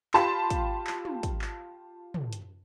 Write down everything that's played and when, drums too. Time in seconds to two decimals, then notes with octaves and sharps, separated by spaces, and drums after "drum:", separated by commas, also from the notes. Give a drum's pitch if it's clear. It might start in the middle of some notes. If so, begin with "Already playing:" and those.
0.14 F4 G4 A5 B5 C6, drum: clap
0.50 drum: kick, hi-hat
0.87 drum: clap
1.05 drum: tom
1.23 drum: kick, hi-hat
1.42 drum: clap
2.14 drum: tom
2.33 drum: hi-hat